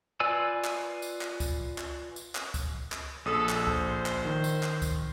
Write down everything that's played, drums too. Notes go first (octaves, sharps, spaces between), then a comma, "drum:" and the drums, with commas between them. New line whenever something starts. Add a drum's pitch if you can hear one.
F4 B4 D5 G#5 E6
drum: clap
drum: tambourine
drum: clap
drum: kick C#2, tambourine
drum: clap
drum: tambourine
drum: clap
drum: kick C#2, tambourine
drum: clap
A#1 A4 D#6 E6
drum: clap
C5, drum: kick C#2
drum: clap
D#3
drum: tambourine
drum: clap
drum: kick C#2, tambourine